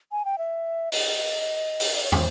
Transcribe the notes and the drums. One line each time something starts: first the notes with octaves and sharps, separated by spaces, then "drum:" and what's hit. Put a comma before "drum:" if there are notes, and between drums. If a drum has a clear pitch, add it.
G#5
G5
E5
D#5, drum: open hi-hat
drum: open hi-hat
D5
C#5
C5, drum: tom